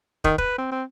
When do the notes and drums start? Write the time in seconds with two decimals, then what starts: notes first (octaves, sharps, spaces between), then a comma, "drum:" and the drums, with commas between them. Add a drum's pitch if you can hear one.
0.24 D#3, drum: kick
0.38 B4, drum: kick
0.58 C4
0.72 C4